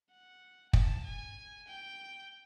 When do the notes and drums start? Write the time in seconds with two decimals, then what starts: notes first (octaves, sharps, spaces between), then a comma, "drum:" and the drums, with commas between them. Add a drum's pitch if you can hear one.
0.11 F#5
0.73 A5, drum: kick
1.05 G#5
1.67 G5